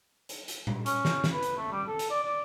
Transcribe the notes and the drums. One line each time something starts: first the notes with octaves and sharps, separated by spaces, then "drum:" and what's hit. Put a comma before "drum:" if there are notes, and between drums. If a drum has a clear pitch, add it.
drum: hi-hat
drum: hi-hat
drum: tom A#2
C#4, drum: hi-hat
drum: snare
drum: snare
B4
drum: hi-hat
A3
G3
A4
drum: hi-hat
D5
D5